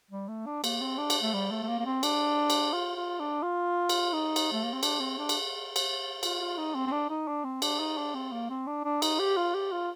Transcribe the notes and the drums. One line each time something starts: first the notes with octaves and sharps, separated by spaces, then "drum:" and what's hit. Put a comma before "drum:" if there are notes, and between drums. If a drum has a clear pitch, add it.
G3
A3
D4
A#3, drum: cymbal
C4
D4
drum: cymbal
A3
G3
A3
A3
A#3
A#3
C4
D4, drum: cymbal
drum: cymbal
F4
F4
D4
F4
drum: cymbal
D#4
drum: cymbal
A3
A#3
C4
D4, drum: cymbal
C4
D4
drum: cymbal
drum: cymbal
F4, drum: cymbal
F4
D#4
C4
C4
D4
D#4
D4
C4
D4, drum: cymbal
D#4
D4
C4
A#3
C4
D4
D4
D#4, drum: cymbal
G4
F4
G4
F4